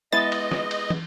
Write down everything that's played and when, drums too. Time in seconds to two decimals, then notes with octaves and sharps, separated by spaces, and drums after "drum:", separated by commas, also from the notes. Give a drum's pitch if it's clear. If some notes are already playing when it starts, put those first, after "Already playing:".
0.12 G#3 B3 E4 D#5 A6
0.32 drum: cymbal
0.51 drum: snare
0.71 drum: cymbal
0.90 drum: tom